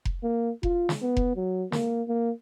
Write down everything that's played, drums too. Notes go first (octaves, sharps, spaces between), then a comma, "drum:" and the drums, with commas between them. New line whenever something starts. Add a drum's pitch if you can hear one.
drum: kick F1
A#3
F4, drum: kick F1
drum: snare
B3
drum: kick F1
F#3
A#3, drum: snare
A#3